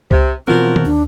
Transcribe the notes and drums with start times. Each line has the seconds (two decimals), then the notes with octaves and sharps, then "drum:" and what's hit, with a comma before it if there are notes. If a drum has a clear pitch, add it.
0.11 C3, drum: kick C2
0.48 B2 E3 F3 C4 F4 F#4 A#4
0.76 drum: tom D#3
0.86 D#2 D4